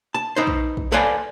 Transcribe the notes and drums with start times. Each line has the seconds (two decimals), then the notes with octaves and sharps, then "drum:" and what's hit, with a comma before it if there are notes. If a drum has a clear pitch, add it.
0.14 A5
0.36 D#4 B4 C5
0.47 drum: kick
0.77 drum: kick
0.92 A4 B4 C5 D5 F5 G#5